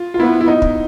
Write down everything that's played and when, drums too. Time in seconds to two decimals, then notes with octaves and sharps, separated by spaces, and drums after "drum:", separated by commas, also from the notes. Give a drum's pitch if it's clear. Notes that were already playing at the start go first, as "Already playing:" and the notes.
Already playing: F4
0.14 F4
0.19 B3 E4
0.41 E4
0.48 D#4
0.62 drum: kick